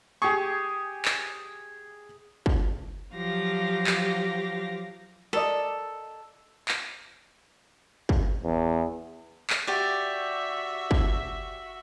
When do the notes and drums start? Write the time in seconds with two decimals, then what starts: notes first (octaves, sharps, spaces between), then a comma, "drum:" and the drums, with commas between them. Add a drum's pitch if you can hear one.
0.22 G4 G#4 C#6
1.05 drum: clap
2.46 drum: kick
3.14 F3 F#3 G4 F5 A#6
3.87 drum: clap
5.33 A4 A#4 D5 D#5
6.68 drum: clap
8.09 drum: kick
8.44 E2
9.50 drum: clap
9.67 F#4 G4 D5 E5
10.91 drum: kick